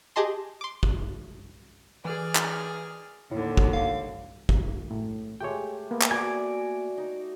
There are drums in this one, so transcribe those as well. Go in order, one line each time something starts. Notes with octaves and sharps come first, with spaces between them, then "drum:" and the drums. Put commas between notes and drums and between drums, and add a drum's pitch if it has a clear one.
G4 G#4 D#5 A5 C6
C6 D6
drum: kick
E3 G#4 D5 F6
drum: clap
D#2 A2 D3
drum: kick
F5
drum: kick
A2
G#3 A3 G4 C#5 G5
A#3 B3
drum: clap
F#4 D5 G#5
D#4